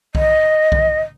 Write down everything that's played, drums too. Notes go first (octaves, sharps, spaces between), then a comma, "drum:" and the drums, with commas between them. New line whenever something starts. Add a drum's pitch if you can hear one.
D#5, drum: kick B1
drum: kick B1